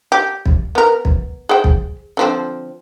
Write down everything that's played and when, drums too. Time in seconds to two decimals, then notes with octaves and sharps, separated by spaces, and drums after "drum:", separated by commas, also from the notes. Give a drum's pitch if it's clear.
0.12 G4
0.46 drum: kick
0.75 B3 A#4
1.05 drum: kick
1.49 G#4 C5 G5
1.64 drum: kick
2.17 D3 F3 C4